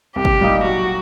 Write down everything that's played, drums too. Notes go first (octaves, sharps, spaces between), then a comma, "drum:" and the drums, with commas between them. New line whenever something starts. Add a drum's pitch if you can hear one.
C2 G4
drum: kick
A#2 G3 A#3 D#4
F#3 F#4